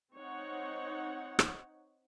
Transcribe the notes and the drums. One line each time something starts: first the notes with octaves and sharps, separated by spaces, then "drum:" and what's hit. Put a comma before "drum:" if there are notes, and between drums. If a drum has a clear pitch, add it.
C4 D#4 C#5 F#5
drum: rim click